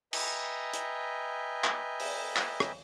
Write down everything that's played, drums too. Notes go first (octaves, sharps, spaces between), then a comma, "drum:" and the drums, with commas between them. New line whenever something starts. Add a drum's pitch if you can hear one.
B4 D#5 E5 G5 G#5 A#5, drum: cymbal
drum: hi-hat
drum: clap
drum: open hi-hat
drum: clap
drum: rim click